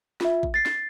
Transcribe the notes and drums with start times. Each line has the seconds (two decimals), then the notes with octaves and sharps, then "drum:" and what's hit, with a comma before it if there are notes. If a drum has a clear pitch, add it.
0.21 F4 E5, drum: snare
0.43 drum: kick A1
0.54 A6 C7
0.66 drum: snare